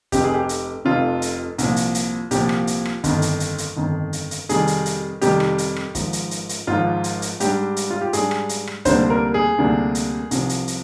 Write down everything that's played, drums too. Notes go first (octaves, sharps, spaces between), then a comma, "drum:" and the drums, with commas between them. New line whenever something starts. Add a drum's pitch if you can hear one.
F1 F2 C3 G4, drum: kick, hi-hat
G#4
G4
drum: hi-hat
F1 F2 C3 F4
drum: hi-hat
C2 A#2 F3, drum: hi-hat
drum: hi-hat
drum: hi-hat
C2 A#2 F3 G4, drum: hi-hat
drum: rim click
drum: hi-hat
drum: rim click
G1 F2 D#3, drum: kick, hi-hat
drum: hi-hat
drum: hi-hat
drum: hi-hat
G1 F2 D#3
drum: hi-hat
drum: hi-hat
F2 C3 D#3 G3 G#4, drum: hi-hat
drum: hi-hat
drum: hi-hat
F2 C3 D#3 G3 G4, drum: hi-hat
drum: rim click
drum: hi-hat
drum: rim click
G#1 G#2 F3, drum: kick, hi-hat
drum: hi-hat
drum: hi-hat
drum: hi-hat
G#1 G#2 F3 F4
drum: hi-hat
drum: hi-hat
G#2 G3 D4 G4, drum: hi-hat
drum: hi-hat
F4
G4
G#2 G3 D4 G#4, drum: hi-hat
drum: rim click
drum: hi-hat
drum: rim click
D2 C3 G3 A#3 D4 C5, drum: kick, hi-hat
A#4
G#4
D2 C3 G3 A#3 D4
drum: hi-hat
C2 C3 F3, drum: hi-hat
drum: hi-hat
drum: hi-hat